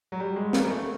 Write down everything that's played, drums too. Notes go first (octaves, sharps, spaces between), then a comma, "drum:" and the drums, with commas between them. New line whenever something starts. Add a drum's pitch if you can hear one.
F#3
G3
G#3
A#3, drum: snare
A3